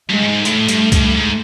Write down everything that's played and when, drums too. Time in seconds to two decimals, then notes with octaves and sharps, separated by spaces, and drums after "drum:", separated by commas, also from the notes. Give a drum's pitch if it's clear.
0.10 G2 G#3
0.23 A2
0.28 G#2
0.45 A2 A3, drum: hi-hat
0.68 G2, drum: hi-hat
0.92 G2, drum: kick C2, hi-hat
1.16 G#2